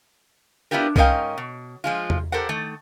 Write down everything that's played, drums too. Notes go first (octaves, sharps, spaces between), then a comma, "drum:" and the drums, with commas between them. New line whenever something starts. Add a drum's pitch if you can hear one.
B3 D4 E4 F4 G4 A#4
G#2 C#4 A#4 D#5 F5 G5, drum: kick C2
B2
F3 G#3 F4
drum: tom E2
G4 A4 A#4 C5 F#5
D#3 A3